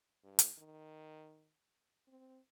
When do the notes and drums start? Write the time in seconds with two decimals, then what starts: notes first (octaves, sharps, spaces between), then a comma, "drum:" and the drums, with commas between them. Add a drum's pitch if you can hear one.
0.24 G2
0.39 drum: hi-hat
0.58 D#3
2.08 C4